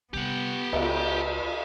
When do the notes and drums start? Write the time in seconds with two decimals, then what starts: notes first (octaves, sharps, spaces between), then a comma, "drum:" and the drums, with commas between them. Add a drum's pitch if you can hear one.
0.14 C3 G3 B3 G4 F#5
0.73 C#2, drum: cymbal